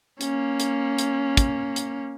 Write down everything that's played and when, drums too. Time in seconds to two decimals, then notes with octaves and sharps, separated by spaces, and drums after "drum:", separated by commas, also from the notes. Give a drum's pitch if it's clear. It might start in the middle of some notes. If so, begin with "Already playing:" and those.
0.21 A#3 C#4, drum: hi-hat
0.60 drum: hi-hat
0.98 drum: hi-hat
1.37 drum: kick, hi-hat
1.76 drum: hi-hat